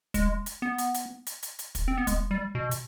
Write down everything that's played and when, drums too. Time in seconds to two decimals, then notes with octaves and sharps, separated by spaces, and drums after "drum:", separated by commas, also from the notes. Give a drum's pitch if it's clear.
0.14 G#3, drum: kick, hi-hat
0.46 drum: hi-hat
0.62 B3
0.78 drum: hi-hat
0.94 drum: hi-hat
1.27 drum: hi-hat
1.43 drum: hi-hat
1.59 drum: hi-hat
1.75 drum: kick, hi-hat
1.88 C4
1.97 B3
2.07 G#3, drum: kick, hi-hat
2.31 G3
2.55 B2
2.71 drum: hi-hat